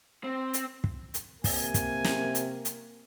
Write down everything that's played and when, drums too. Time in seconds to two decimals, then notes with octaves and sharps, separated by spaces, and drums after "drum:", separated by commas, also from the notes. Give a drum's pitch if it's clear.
0.24 C4
0.54 drum: hi-hat
0.84 drum: kick
1.14 drum: hi-hat
1.44 C3 A#3 G#5, drum: kick, open hi-hat
1.74 drum: kick, hi-hat
2.04 drum: snare
2.35 drum: hi-hat
2.65 drum: hi-hat